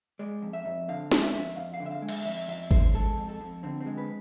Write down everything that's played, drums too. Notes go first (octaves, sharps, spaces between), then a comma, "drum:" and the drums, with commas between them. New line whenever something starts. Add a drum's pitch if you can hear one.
G#3 D5
F2
E5
F2
D3 F5
G#3, drum: snare
E5
F2
F2 F5
F5
D3
E5
F5
G#3
E5, drum: cymbal
F2 E5
F2 E5
D3 C5, drum: kick G#1
G#3 A4
F2
A4
F2
D3 C4
C4
G#3
B4